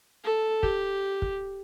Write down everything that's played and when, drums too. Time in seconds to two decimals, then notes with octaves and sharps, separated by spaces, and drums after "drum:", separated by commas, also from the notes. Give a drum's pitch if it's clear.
0.24 A4
0.63 G4, drum: kick
1.22 drum: kick